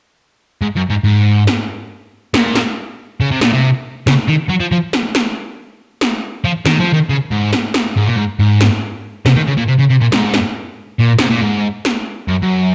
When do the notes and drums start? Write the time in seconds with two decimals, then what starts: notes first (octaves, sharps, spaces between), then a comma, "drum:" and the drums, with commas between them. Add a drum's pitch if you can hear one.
0.61 G#2
0.76 F#2
0.90 G#2
1.04 G#2
1.47 drum: snare
2.34 A#2, drum: snare
2.55 drum: snare
3.20 C#3
3.31 C3
3.41 A#2, drum: snare
3.53 C3
4.07 C#3, drum: snare
4.29 D#3
4.50 F#3
4.60 F3
4.72 F3
4.93 drum: snare
5.15 drum: snare
6.01 drum: snare
6.44 F3
6.66 D#3, drum: snare
6.80 F3
6.93 D#3
7.10 C#3
7.32 G#2
7.53 drum: snare
7.74 drum: snare
7.96 G#2
8.05 A#2
8.16 G#2
8.39 G#2
8.61 drum: snare
9.26 C3, drum: snare
9.36 D#3
9.48 C#3
9.58 A#2
9.68 C3
9.79 C#3
9.90 C3
10.01 A#2
10.12 G#2, drum: snare
10.34 drum: snare
10.99 A#2
11.19 C3, drum: snare
11.30 A#2
11.41 G#2
11.85 drum: snare
12.28 F#2
12.43 F#2